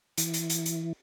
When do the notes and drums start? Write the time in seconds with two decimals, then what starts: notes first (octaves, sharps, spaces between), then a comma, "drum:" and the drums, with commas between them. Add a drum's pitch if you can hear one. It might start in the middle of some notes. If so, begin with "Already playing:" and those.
0.18 E3, drum: hi-hat
0.34 drum: hi-hat
0.50 drum: hi-hat
0.66 drum: hi-hat